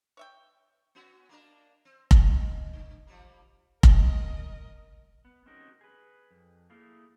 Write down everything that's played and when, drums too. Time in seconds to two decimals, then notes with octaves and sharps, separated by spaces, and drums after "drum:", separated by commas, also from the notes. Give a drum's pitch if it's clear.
0.17 C#5 E5 G5
0.95 B3 C#4 F#4
1.29 A#3 D4 A#4
1.85 C4
2.11 C#4 D#4, drum: kick F1
2.73 D3
3.07 F3 G3 A#3
3.83 A#4 D#5, drum: kick F1
5.25 B3
5.46 C4 C#4 D#4 F#4 A#4
5.81 G#4 B4
6.31 F2
6.70 A3 A#3 E4 G#4 F5